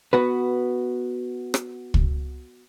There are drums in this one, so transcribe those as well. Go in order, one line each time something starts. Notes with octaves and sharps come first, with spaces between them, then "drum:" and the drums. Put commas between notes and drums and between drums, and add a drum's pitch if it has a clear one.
B3 F#4 B4
drum: rim click
drum: kick